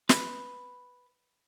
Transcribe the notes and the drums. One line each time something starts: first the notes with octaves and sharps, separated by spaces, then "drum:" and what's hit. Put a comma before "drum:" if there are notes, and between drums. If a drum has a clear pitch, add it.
B4, drum: snare